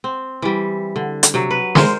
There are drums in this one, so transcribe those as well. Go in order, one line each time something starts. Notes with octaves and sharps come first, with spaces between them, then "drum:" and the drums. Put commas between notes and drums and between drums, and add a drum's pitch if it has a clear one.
C4
E3 G3
D3
drum: hi-hat
C3 F#3
B4
G#3 A#4 C5, drum: snare